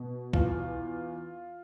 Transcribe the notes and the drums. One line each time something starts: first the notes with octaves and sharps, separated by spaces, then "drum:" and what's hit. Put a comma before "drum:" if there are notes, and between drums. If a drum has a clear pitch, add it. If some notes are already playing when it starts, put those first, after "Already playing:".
Already playing: B2
E2 F4, drum: kick C2